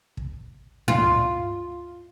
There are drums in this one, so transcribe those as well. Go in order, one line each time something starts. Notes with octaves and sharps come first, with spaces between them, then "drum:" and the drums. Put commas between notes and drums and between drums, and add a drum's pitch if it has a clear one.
drum: kick
F4, drum: tom